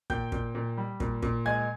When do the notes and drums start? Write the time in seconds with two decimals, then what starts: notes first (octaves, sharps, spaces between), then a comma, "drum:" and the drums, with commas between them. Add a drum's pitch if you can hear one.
0.10 A#2 G5 G6, drum: kick
0.32 A#2, drum: kick
0.55 A#2
0.77 G3
1.00 A#2, drum: kick
1.23 A#2, drum: kick
1.46 G#3 G#5 G#6